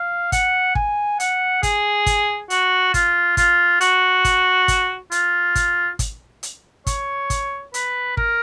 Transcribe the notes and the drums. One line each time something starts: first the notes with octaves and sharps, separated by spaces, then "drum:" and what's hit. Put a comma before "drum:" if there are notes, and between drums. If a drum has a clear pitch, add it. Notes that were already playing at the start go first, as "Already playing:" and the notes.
Already playing: F5
F#5, drum: kick, hi-hat
G#5, drum: kick
F#5, drum: hi-hat
G#4, drum: kick, hi-hat
drum: kick, hi-hat
F#4, drum: hi-hat
F4, drum: kick, hi-hat
F4, drum: kick, hi-hat
F#4, drum: hi-hat
drum: kick, hi-hat
drum: kick, hi-hat
F4, drum: hi-hat
drum: kick, hi-hat
drum: kick, hi-hat
drum: hi-hat
C#5, drum: kick, hi-hat
drum: kick, hi-hat
B4, drum: hi-hat
A#4, drum: kick